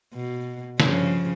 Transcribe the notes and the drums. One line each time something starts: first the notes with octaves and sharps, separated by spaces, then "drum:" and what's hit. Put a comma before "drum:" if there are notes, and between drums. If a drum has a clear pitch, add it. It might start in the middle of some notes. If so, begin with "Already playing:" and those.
B2
G2 C#3 F3, drum: snare